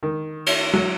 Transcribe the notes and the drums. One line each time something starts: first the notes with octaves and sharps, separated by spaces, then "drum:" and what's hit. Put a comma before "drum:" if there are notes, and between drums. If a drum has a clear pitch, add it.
D#3
drum: cymbal
F#3